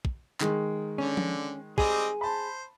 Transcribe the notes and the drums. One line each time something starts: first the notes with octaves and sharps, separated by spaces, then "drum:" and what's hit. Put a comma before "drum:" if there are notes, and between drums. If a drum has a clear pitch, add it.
drum: kick
D#3 G#3, drum: clap
D3 C#4
drum: tom F3
G3 C4 G#4 D#5, drum: kick
C5 A5 B5